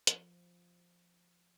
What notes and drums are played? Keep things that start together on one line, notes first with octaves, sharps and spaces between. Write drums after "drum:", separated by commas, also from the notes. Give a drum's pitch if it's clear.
F3, drum: hi-hat